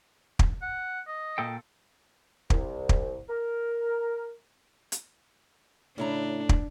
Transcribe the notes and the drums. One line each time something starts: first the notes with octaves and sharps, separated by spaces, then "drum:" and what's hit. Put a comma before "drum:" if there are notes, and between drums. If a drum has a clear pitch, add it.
drum: kick
F#5
D#5
A#2 A4 G5
C2, drum: kick
drum: kick
A#4
drum: hi-hat
A2 C#3 D4 E4 A#5
drum: kick